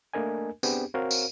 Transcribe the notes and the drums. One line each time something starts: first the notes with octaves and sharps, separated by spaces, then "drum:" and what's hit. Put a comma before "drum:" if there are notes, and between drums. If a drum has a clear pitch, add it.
A3 A#3 D4 A#4 D#5 G#5
B3 C4 D4 G4 G#4, drum: tambourine
C4 F#4 A#4 C#5 F5
drum: tambourine